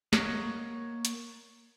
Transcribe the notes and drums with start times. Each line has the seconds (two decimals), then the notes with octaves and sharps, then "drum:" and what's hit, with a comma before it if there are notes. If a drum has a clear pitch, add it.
0.13 A#3 A#4 C#5 D#5 F#5, drum: snare
1.05 drum: hi-hat